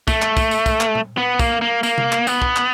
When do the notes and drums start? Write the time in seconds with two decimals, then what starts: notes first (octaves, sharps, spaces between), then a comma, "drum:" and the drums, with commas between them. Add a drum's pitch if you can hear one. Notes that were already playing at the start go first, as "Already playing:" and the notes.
0.08 A3, drum: kick, tambourine
0.22 drum: clap
0.37 drum: kick, tambourine
0.51 drum: tambourine
0.66 drum: kick, tambourine
0.81 drum: clap
0.95 drum: tom A#2
1.17 B3
1.39 A#3, drum: kick, tambourine
1.61 A#3
1.83 A#3, drum: tambourine
1.98 drum: tom C3
2.12 drum: clap
2.27 B3, drum: tambourine
2.42 drum: kick
2.56 drum: clap